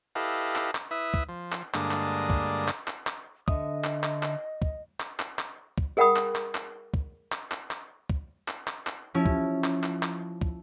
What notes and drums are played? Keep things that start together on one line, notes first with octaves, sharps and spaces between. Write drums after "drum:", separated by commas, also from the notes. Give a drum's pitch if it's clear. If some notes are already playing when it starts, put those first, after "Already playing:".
E4 G4 A4 B4 D#5 F5
drum: clap
drum: clap
E4 B4 E5 D#6
drum: kick
F3
drum: clap
G2 D3 G#3 A#3 D4 D#6, drum: clap
drum: clap
drum: kick
drum: clap
drum: clap
drum: clap
D3 D#5 E5 D#6, drum: kick
drum: clap
drum: clap
drum: clap
drum: kick
drum: clap
drum: clap
drum: clap
drum: kick
G#4 A#4 F#5 G5 B5 D#6
drum: clap
drum: clap
drum: clap
drum: kick
drum: clap
drum: clap
drum: clap
drum: kick
drum: clap
drum: clap
drum: clap
F3 C#4 E4
drum: kick
drum: clap
drum: clap
drum: clap
drum: kick